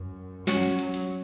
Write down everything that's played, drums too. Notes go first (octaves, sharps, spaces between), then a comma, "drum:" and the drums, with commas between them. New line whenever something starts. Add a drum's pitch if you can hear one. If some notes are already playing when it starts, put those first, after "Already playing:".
Already playing: F#2
F#3 C#4 F#4, drum: snare
drum: hi-hat
F#3, drum: hi-hat
drum: hi-hat